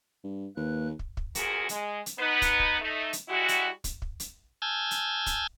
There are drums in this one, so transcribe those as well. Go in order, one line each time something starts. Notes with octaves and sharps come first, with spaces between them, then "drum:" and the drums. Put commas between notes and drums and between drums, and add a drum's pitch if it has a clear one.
G2
D#2 A#3 B4 F#6
drum: kick
drum: kick
D2 A#2 F#4 G#4 A#4, drum: hi-hat
G#3, drum: hi-hat
drum: hi-hat
B3 D#4 B4
drum: kick, hi-hat
drum: kick
A3 D#4
drum: hi-hat
G3 G#3 E4 F#4
drum: hi-hat
drum: kick, hi-hat
drum: kick
drum: hi-hat
G#5 A5 E6 F6 G6 G#6
drum: hi-hat
drum: kick, hi-hat